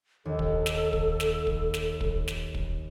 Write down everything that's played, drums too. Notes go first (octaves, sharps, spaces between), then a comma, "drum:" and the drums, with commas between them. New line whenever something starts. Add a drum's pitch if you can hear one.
D#2 A4
drum: kick
drum: snare
drum: kick
drum: snare
drum: kick
drum: snare
drum: kick
drum: snare
drum: kick